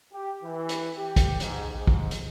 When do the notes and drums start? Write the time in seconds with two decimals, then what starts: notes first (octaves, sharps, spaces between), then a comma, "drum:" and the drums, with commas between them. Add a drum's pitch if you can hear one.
0.13 G4
0.43 E3
0.69 drum: hi-hat
0.98 G4
1.16 drum: kick, hi-hat
1.40 G#2, drum: hi-hat
1.71 G#2
1.87 drum: kick
2.11 drum: hi-hat